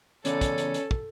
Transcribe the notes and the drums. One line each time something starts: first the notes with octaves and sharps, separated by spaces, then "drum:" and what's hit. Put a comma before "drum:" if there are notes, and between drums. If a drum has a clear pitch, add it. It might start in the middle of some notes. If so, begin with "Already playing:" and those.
E2 C#3 C#4 A4 D5, drum: hi-hat
drum: kick, hi-hat
drum: hi-hat
drum: hi-hat
drum: kick